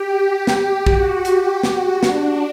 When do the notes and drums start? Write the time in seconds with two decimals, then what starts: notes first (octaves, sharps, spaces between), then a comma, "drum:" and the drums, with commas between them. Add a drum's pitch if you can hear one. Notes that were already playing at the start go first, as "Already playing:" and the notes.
Already playing: G4
0.47 drum: snare
0.86 F#4, drum: kick A#1
1.25 G4, drum: hi-hat
1.63 F#4, drum: snare
2.03 D4, drum: snare